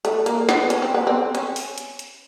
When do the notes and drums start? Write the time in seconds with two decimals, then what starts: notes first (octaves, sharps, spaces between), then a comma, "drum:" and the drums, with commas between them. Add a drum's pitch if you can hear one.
0.05 A3, drum: hi-hat
0.26 A#3, drum: hi-hat
0.49 B3, drum: snare
0.70 C#4, drum: hi-hat
0.82 C4
0.94 B3
1.07 C4
1.35 C#4, drum: hi-hat
1.56 drum: open hi-hat
1.78 drum: hi-hat
1.99 drum: hi-hat